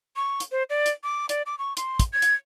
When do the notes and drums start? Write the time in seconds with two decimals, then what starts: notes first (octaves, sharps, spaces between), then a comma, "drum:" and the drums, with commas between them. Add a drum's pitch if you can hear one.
0.16 C#6
0.40 drum: hi-hat
0.52 C5
0.70 D5
0.86 drum: hi-hat
1.04 D6
1.29 D5, drum: hi-hat
1.46 D6
1.59 C#6
1.77 C6, drum: hi-hat
1.99 drum: kick, hi-hat
2.13 G#6
2.22 drum: hi-hat